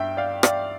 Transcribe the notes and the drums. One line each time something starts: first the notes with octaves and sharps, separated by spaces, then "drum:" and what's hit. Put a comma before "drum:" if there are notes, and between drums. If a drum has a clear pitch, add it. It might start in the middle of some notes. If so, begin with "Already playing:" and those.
Already playing: G2 E5 G5
D5 F5
D5 F5, drum: rim click